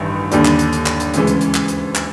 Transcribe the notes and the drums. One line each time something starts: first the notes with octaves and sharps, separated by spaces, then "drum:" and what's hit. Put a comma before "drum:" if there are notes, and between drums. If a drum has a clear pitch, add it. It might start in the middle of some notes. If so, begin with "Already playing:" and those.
Already playing: A1 G2 D#3
D#2 D3 G3, drum: hi-hat
drum: clap
drum: hi-hat
drum: hi-hat
drum: clap
drum: hi-hat
D2 C#3 E3 G#3, drum: hi-hat
drum: hi-hat
drum: hi-hat
drum: clap
drum: hi-hat
drum: clap